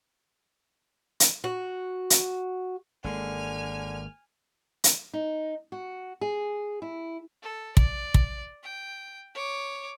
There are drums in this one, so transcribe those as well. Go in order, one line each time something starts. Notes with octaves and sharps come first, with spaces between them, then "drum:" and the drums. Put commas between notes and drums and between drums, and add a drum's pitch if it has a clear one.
drum: hi-hat
F#4
drum: hi-hat
G#1 D3 G#3 A#3 G#5 F6
drum: hi-hat
D#4
F#4
G#4
E4
A4
D5, drum: kick
drum: kick
G5
C#5 D6